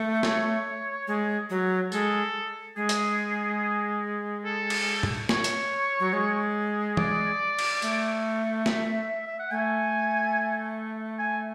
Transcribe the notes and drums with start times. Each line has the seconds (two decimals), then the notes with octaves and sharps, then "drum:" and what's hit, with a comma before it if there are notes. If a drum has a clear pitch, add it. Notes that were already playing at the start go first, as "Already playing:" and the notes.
Already playing: A3
0.23 C#5, drum: snare
1.08 G#3
1.50 F#3
1.92 G#3 A4, drum: tambourine
2.76 G#3 G#4
2.89 drum: hi-hat
4.44 A4
4.70 drum: cymbal
5.03 drum: tom
5.29 C#5, drum: snare
5.44 drum: hi-hat
6.00 F#3
6.13 G#3
6.97 D5, drum: tom
7.59 drum: cymbal
7.82 A3, drum: tambourine
8.66 E5, drum: snare
9.27 E5
9.39 F#5
9.51 A3 G#5
11.19 G#5